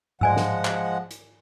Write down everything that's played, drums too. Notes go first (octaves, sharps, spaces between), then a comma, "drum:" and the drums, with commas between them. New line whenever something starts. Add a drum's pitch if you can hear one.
F3 G#3 D5 F#5 G#5 E6, drum: tom G#2
drum: snare
drum: clap
drum: hi-hat